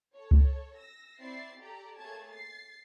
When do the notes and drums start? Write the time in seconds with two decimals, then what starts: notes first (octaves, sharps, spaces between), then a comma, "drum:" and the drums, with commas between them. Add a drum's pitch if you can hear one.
0.15 A4 C#5
0.31 drum: kick C#2
0.79 E6 A#6
1.20 C4 E4 D5 E5 A6 C7
1.59 G4 A4 D5 A#5
1.97 A3 A#3 G#4 C#5 A5 G#6
2.29 A6 C7